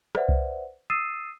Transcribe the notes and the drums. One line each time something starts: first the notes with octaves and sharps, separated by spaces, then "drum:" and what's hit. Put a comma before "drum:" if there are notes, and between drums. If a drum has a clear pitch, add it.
B4 C5 D5 E5 F#5, drum: rim click
drum: kick C2
D#6 E6 A6 C7 D#7 E7